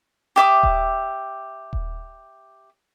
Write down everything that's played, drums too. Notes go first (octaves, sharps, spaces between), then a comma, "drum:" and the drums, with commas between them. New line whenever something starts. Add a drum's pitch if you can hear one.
G4 E5 D6 D#6
drum: kick D#1
drum: kick D#1